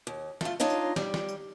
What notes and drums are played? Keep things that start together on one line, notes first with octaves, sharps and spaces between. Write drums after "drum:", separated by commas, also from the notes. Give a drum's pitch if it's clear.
D#2
A3 F4, drum: snare
D4 D#4 F4 C#5 D#5
drum: tambourine
G3, drum: snare
drum: snare
drum: tambourine